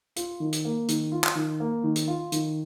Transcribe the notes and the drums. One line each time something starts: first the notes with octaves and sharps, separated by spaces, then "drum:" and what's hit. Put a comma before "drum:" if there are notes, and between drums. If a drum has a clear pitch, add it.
F4, drum: hi-hat
D#3
drum: hi-hat
A#3
D#3, drum: hi-hat
F4
drum: clap
D#3
A#3
D#3
drum: hi-hat
F4
D#3, drum: hi-hat